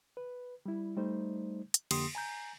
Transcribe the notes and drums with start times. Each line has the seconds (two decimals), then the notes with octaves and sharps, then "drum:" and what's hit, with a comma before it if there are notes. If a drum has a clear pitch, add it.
0.17 B4
0.66 G3 E4
0.96 G3 A3 D#4 C5
1.74 drum: hi-hat
1.91 F2 D3 A#3 G4 C6 D#6, drum: cymbal
2.15 G#5 A#5 G6